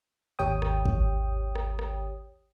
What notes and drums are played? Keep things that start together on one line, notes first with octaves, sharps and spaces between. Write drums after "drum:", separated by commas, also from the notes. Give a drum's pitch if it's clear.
G#1 D#2 G4 C#5 G5 D#6
drum: rim click
drum: kick
drum: rim click
drum: rim click